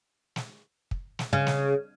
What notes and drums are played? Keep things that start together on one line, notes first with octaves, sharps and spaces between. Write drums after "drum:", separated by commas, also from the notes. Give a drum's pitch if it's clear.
drum: snare
drum: kick
drum: snare
C#3
drum: snare